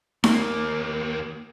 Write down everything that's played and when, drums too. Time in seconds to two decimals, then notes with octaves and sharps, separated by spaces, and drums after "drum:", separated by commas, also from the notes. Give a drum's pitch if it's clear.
0.24 D#2 A#3, drum: snare D#4